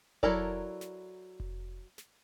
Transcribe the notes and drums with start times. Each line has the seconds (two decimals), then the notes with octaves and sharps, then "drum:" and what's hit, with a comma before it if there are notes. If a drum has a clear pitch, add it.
0.23 F#3 E4 A4 A#4 D5, drum: kick F1
0.81 drum: snare
1.40 drum: kick F1
1.98 drum: snare